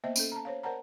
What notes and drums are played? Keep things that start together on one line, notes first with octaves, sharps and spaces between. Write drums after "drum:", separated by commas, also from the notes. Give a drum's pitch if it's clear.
A#3 B3 C5 D#5 E5
C#4 A4, drum: tambourine
A5 A#5
C5 C#5 F5
A#4 C5 D5 F#5 A5 A#5